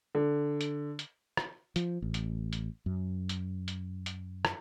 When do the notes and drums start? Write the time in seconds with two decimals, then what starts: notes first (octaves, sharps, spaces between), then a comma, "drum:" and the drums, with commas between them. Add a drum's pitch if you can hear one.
0.15 D3
0.61 drum: hi-hat
0.99 drum: hi-hat
1.37 drum: rim click
1.76 F3, drum: hi-hat
2.02 A1
2.14 drum: hi-hat
2.53 drum: hi-hat
2.86 F#2
3.29 drum: hi-hat
3.68 drum: hi-hat
4.06 drum: hi-hat
4.45 drum: rim click